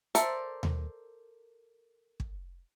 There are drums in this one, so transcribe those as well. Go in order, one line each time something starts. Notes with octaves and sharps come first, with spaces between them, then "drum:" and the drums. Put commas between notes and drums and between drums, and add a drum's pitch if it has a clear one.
A4 A#4 C5 D5 E5, drum: hi-hat
drum: tom D#2
drum: kick